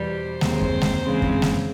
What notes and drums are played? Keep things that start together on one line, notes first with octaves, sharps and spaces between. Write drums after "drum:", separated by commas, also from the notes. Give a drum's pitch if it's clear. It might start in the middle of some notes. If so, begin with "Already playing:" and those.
Already playing: E2 B2 G3
C5
D#2 D#3 G#3 C4, drum: snare G#3
drum: kick F#2
drum: snare G#3
C#3 E3 G#3 C4
drum: kick F#2
drum: snare G#3